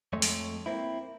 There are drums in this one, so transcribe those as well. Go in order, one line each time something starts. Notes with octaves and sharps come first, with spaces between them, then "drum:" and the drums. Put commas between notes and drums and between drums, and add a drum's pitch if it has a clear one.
F2 G#3 A3 C#5
drum: open hi-hat
A#3 C4 E4